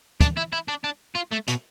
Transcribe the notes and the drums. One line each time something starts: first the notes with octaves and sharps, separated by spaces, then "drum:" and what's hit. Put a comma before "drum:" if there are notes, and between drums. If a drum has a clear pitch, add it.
D4, drum: kick, hi-hat
E4
E4
D4
D4
F4
A3
B2, drum: hi-hat